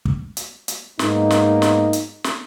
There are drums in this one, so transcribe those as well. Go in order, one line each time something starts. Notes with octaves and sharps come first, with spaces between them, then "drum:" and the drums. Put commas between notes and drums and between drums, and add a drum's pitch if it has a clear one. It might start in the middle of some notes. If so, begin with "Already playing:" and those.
drum: kick
drum: hi-hat
drum: hi-hat
G#2 A#3 B3 D#4, drum: snare
drum: snare
drum: snare
drum: hi-hat
drum: snare